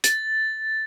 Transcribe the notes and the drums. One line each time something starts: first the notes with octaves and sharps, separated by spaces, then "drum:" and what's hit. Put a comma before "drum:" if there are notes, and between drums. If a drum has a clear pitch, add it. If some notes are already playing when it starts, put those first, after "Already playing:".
A6, drum: hi-hat